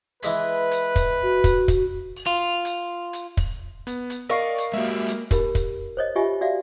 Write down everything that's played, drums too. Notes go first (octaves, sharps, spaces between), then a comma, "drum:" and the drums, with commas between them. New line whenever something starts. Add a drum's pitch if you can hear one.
E3 G#3 B4 B5, drum: hi-hat
drum: hi-hat
drum: kick, hi-hat
F#4
drum: kick, hi-hat
drum: kick, hi-hat
drum: open hi-hat
F4
drum: hi-hat
drum: hi-hat
drum: kick, open hi-hat
B3, drum: hi-hat
drum: hi-hat
A#4 D5 D#5 F5 C#6 C7
drum: hi-hat
G#3 A#3 F#4 G4 E5
drum: hi-hat
D#4 G4 A#4 B5, drum: kick, hi-hat
drum: kick, hi-hat
C5 C#5 D#5
F4 G4 D#5 E5 G#5 C#6
F#4 D5 E5 F5